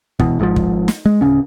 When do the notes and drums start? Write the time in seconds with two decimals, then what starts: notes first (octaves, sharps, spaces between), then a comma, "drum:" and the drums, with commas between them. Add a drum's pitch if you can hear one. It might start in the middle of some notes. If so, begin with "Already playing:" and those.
0.20 B2 E3, drum: kick
0.39 G#1 G#2 E3 F3
0.56 drum: kick
0.88 drum: snare
1.06 G#3
1.21 D1 A#1 C#3 C#4